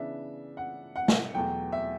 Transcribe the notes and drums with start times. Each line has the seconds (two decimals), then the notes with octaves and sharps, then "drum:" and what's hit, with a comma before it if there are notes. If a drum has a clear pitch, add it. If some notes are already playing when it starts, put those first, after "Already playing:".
Already playing: C#3 E3 B3 D4 E5
0.57 F#5
0.96 F#5
1.08 drum: snare
1.34 E2 B2 F#3 A3 G5
1.72 E5